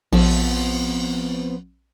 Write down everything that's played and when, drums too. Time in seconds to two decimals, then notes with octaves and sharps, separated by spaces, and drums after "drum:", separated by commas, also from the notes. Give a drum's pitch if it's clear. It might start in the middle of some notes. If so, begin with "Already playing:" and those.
0.13 A#1 F3 B3 C4, drum: cymbal